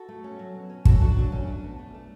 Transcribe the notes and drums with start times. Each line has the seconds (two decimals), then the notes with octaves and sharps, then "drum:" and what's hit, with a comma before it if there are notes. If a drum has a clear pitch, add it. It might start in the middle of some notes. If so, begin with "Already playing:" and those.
Already playing: F#4 A4
0.08 A3
0.24 C#4
0.39 F#3
0.55 B2
0.70 C#4
0.85 C#4 F#4 A4, drum: kick
1.01 A3 D4 F#4
1.16 F#3 D4
1.32 A3 C#4
1.47 A3 D4
1.63 B2
1.79 A3
1.94 A3